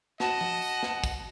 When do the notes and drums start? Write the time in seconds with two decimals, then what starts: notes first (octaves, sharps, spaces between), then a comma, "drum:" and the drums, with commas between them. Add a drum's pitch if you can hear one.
0.20 F#4 D#5 F#5 A5, drum: snare
0.41 drum: tom F3
0.62 drum: tambourine
0.83 drum: snare
1.04 drum: kick, tambourine